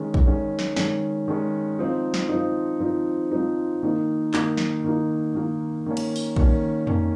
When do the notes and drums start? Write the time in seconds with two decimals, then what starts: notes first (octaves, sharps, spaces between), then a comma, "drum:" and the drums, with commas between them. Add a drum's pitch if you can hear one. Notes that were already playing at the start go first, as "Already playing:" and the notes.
Already playing: D#3 G#3 C#4
0.14 drum: kick
0.26 D#3 G#3 C#4
0.59 drum: snare
0.76 D#3 G#3 C#4, drum: snare
1.28 D#3 G#3 C#4
1.79 F3 C4 D#4
2.14 drum: snare
2.29 F3 C4 D#4
2.80 F3 C4 D#4
3.31 F3 C4 D#4
3.83 D#3 A#3 D#4
4.34 D#3 A#3 D#4, drum: clap
4.57 drum: snare
4.84 D#3 A#3 D#4
5.34 D#3 A#3 D#4
5.86 D#3 A#3 C#4
5.97 drum: cymbal
6.16 drum: open hi-hat
6.36 D#3 A#3 C#4, drum: kick
6.87 D#3 A#3 C#4, drum: tom F2